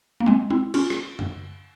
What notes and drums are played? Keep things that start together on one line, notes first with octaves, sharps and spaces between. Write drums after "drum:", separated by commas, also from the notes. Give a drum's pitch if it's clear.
A#3
G#3 C4
C4 E4
C#4 F4, drum: cymbal
drum: rim click
drum: tom F#2